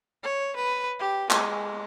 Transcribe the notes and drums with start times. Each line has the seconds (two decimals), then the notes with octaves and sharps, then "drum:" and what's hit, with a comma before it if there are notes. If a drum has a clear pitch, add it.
0.24 C#5
0.56 B4
1.00 G4
1.30 G#3, drum: clap